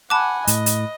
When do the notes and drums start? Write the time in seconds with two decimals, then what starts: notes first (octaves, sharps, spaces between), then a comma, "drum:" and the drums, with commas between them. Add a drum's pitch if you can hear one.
0.10 F#5 G#5 A5 B5 D6 F#6
0.47 A2 D#5, drum: hi-hat
0.66 drum: hi-hat